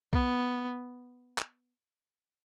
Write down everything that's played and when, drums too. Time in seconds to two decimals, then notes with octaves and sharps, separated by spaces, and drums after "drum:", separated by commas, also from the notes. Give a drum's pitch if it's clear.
0.13 B3, drum: kick B1
1.38 drum: clap